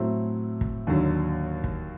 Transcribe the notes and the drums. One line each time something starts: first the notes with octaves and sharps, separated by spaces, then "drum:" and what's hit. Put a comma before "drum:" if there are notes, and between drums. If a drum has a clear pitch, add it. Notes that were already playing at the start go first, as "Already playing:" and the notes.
Already playing: A2 F#3 A3 C4
drum: kick
D#2 D3 F#3
drum: kick